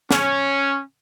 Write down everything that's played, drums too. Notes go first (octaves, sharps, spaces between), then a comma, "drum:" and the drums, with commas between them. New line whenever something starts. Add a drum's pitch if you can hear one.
C#4, drum: snare